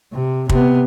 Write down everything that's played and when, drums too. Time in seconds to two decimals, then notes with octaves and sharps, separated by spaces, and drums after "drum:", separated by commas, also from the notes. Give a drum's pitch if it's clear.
0.13 C3
0.49 C3 B3, drum: kick